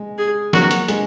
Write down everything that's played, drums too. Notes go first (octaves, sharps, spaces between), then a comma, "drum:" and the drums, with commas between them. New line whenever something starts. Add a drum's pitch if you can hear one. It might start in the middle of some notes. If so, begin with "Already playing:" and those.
Already playing: G#3
G#4
F#3 A#3 F#4, drum: snare
drum: hi-hat
G#3, drum: hi-hat